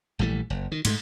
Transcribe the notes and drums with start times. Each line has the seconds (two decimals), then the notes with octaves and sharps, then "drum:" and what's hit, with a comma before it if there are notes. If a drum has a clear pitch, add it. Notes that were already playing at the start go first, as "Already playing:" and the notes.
0.19 A#1 E3 G3 A3
0.50 F#1
0.72 D#3
0.85 G#2 G3 A3, drum: cymbal